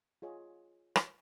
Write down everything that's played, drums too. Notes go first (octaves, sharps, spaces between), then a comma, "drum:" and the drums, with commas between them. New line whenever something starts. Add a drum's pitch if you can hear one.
F4 G#4 C#5 D#5
drum: rim click